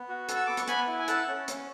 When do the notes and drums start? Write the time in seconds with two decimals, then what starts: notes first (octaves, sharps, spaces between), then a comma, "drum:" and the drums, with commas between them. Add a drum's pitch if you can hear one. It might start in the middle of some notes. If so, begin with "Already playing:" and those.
Already playing: B3
0.09 F#4
0.29 A4, drum: hi-hat
0.36 E6
0.47 B3 D6
0.57 C#6, drum: hi-hat
0.68 B3 G#5 B5, drum: hi-hat
0.87 E4
0.99 G#5
1.08 A4 F#5 A5, drum: hi-hat
1.28 C#4
1.48 C#4, drum: hi-hat